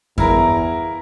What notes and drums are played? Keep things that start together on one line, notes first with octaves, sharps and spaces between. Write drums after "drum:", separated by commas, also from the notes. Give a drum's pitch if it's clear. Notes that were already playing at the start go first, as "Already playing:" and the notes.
E2 E4 A#4 F5 A#5, drum: kick F#2